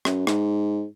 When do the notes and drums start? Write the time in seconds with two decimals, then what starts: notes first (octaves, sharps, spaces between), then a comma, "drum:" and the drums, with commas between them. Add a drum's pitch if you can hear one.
0.05 F#2, drum: rim click
0.27 G#2, drum: rim click